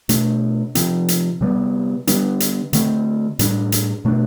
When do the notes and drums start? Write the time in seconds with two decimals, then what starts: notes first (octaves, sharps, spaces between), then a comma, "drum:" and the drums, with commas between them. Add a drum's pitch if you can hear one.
0.09 B2 A3 D4, drum: hi-hat
0.75 C3 F3 C4, drum: hi-hat
1.09 drum: hi-hat
1.41 C3 G3 B3
2.07 D3 G3 B3 D4, drum: hi-hat
2.40 drum: hi-hat
2.73 D3 A3 C4, drum: hi-hat
3.39 A2 G3 D4, drum: hi-hat
3.72 drum: hi-hat
4.05 B2 A3 D4